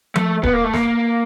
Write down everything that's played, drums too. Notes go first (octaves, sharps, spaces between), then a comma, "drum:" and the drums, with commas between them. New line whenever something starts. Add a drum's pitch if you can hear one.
A3, drum: tom F3
B3, drum: kick D1
A#3
A3
A#3, drum: snare